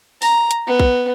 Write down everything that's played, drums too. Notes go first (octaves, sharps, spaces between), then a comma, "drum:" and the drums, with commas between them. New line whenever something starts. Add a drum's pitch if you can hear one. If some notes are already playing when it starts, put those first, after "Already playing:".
A#5, drum: open hi-hat
drum: hi-hat
B3
drum: kick